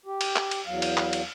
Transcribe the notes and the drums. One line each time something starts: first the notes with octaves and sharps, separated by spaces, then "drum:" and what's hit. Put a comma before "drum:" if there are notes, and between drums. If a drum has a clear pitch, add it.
G4
drum: cymbal
drum: clap
drum: cymbal
E2 F#3 F5
drum: cymbal
drum: clap
drum: cymbal